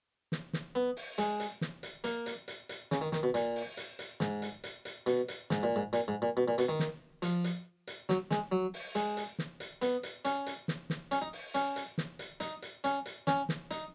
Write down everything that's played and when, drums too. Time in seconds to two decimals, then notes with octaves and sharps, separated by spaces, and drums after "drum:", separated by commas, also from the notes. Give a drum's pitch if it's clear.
0.32 drum: snare
0.53 drum: snare
0.75 B3
0.97 drum: open hi-hat
1.18 G#3, drum: hi-hat
1.40 drum: hi-hat
1.61 drum: snare
1.83 drum: hi-hat
2.04 A#3, drum: hi-hat
2.26 drum: hi-hat
2.48 drum: hi-hat
2.69 drum: hi-hat
2.91 C#3, drum: snare
3.01 D#3
3.12 D#3, drum: snare
3.23 B2
3.34 A#2, drum: hi-hat
3.56 drum: open hi-hat
3.77 drum: hi-hat
3.99 drum: hi-hat
4.20 G#2, drum: snare
4.42 drum: hi-hat
4.64 drum: hi-hat
4.85 drum: hi-hat
5.06 B2, drum: hi-hat
5.28 drum: hi-hat
5.51 G#2, drum: snare
5.63 A#2
5.76 G#2
5.93 A#2, drum: hi-hat
6.08 G#2
6.22 A#2
6.37 B2
6.48 A#2
6.58 B2, drum: hi-hat
6.69 D#3
6.79 drum: snare
7.22 F3, drum: hi-hat
7.44 drum: hi-hat
7.87 drum: hi-hat
8.09 F#3, drum: snare
8.31 G#3, drum: snare
8.52 F#3
8.74 drum: open hi-hat
8.95 G#3, drum: hi-hat
9.17 drum: hi-hat
9.39 drum: snare
9.60 drum: hi-hat
9.82 B3, drum: hi-hat
10.03 drum: hi-hat
10.25 C#4, drum: hi-hat
10.46 drum: hi-hat
10.68 drum: snare
10.90 drum: snare
11.11 C#4, drum: hi-hat
11.22 D#4
11.33 drum: open hi-hat
11.54 C#4, drum: hi-hat
11.76 drum: hi-hat
11.98 drum: snare
12.19 drum: hi-hat
12.40 D#4, drum: hi-hat
12.62 drum: hi-hat
12.84 C#4, drum: hi-hat
13.06 drum: hi-hat
13.27 C#4, drum: snare
13.49 drum: snare
13.71 D#4, drum: hi-hat